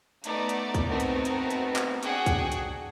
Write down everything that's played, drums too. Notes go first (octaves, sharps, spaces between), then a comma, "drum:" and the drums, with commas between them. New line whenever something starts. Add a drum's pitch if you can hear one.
A3 B3 D#4 D5 D6, drum: hi-hat
drum: hi-hat
drum: kick, hi-hat
A3 B3 C4 D#4 F#4 A#4
drum: hi-hat
drum: hi-hat
drum: hi-hat
drum: clap
D4 F#4 G#4 F#5 G5, drum: hi-hat
drum: kick, hi-hat
drum: hi-hat